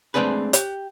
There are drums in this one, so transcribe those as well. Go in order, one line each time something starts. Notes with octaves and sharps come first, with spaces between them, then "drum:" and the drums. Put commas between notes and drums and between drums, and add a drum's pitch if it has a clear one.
G#3 A3 C4 D4 G#4 B4
G4, drum: hi-hat